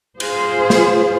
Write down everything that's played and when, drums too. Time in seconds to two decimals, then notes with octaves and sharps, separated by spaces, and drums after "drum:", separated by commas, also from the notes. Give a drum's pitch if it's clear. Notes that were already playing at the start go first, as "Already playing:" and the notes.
0.20 F4 G#4 C5, drum: cymbal
0.70 drum: snare